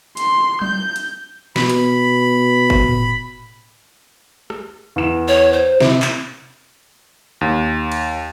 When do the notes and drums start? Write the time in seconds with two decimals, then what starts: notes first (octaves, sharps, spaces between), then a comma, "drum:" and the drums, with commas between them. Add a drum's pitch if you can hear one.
0.17 C6, drum: hi-hat
0.62 G6, drum: tom F#3
0.96 drum: hi-hat
1.56 B2 B5, drum: snare
1.70 drum: hi-hat
2.70 drum: kick F#1
2.88 drum: tom A2
4.50 drum: rim click
4.96 E2 E7
5.28 C#5
5.53 C5
5.81 C3 E4, drum: snare
6.02 drum: clap
7.41 D#2
7.92 drum: cymbal